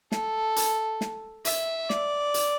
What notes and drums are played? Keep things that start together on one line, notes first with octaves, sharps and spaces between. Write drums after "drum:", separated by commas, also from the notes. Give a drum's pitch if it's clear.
A4, drum: snare
drum: hi-hat
drum: snare
E5, drum: hi-hat
D5, drum: snare
drum: hi-hat